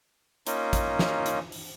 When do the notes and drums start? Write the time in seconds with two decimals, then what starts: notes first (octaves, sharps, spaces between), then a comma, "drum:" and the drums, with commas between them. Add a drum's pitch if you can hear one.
0.47 A#3 C#4 D#4 F4, drum: hi-hat
0.73 drum: kick, hi-hat
0.99 drum: snare
1.26 drum: hi-hat
1.52 drum: open hi-hat